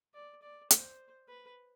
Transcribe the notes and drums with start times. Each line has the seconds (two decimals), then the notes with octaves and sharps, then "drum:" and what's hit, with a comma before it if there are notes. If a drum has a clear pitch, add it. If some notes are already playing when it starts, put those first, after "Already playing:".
0.14 D5
0.42 D5
0.71 C5, drum: hi-hat
1.28 B4